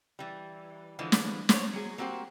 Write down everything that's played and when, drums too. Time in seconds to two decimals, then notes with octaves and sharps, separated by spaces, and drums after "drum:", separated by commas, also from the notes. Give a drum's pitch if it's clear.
0.19 E3 G3
0.99 D3 E3 F3 G#3
1.12 drum: snare
1.49 C5 C#5, drum: snare
1.73 F#3 G#4
1.98 A#3 C4 F#4 G4 C5